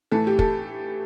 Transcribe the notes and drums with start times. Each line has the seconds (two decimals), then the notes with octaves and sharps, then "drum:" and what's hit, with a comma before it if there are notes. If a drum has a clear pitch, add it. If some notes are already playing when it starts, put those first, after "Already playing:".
0.12 A2 E3 A3 A4
0.27 G4
0.39 A4, drum: kick